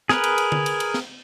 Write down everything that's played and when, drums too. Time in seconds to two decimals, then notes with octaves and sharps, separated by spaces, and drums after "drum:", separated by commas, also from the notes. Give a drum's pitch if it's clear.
0.09 G#4 A#4 B4, drum: snare
0.24 drum: cymbal
0.38 drum: cymbal
0.52 drum: tom D3
0.66 drum: cymbal
0.80 drum: cymbal
0.94 drum: snare